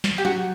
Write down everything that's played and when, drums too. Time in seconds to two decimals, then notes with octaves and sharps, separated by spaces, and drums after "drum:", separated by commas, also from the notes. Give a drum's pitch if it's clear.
0.04 drum: snare
0.18 G4
0.25 F#3 F#4